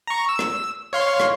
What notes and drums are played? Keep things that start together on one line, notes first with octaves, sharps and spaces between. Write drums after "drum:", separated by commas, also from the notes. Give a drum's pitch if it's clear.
A#5 C#6
E6
drum: rim click
C#5 F5 C6
drum: rim click